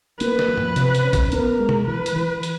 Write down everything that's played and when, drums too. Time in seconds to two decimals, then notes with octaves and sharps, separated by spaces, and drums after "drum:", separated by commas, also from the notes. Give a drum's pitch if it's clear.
0.20 A#3 B4, drum: hi-hat
0.39 drum: snare
0.48 F3
0.57 drum: tom
0.76 C3, drum: hi-hat
0.95 drum: hi-hat
1.04 C#4
1.13 drum: kick A1, hi-hat
1.32 B3 A#4, drum: hi-hat
1.59 G#3
1.69 drum: tom
1.87 E3 B4
2.06 drum: hi-hat
2.16 E3
2.43 drum: hi-hat